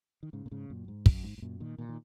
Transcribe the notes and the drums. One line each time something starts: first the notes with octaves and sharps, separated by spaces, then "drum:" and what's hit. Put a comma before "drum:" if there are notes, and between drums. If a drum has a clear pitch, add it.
D#3
G#2 C#3
A#2
G#2 C#3
F#2 A#2
G#2
F#2, drum: kick
G#2
G#2
F#2 A#2
A#2 D#3
A#2 D#3
D#3